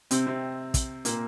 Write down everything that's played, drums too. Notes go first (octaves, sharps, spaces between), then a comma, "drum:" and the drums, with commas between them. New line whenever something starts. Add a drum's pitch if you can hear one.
C3 C4, drum: hi-hat
C3 C4
drum: kick, hi-hat
A#2 A#3, drum: hi-hat